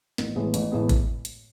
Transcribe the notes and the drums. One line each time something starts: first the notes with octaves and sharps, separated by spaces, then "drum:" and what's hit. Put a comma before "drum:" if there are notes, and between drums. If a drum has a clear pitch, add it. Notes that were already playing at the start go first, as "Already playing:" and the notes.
A1, drum: snare
A2 E3 G#3 B3
A1, drum: hi-hat
A2 E3 G#3 B3
drum: kick, hi-hat
drum: hi-hat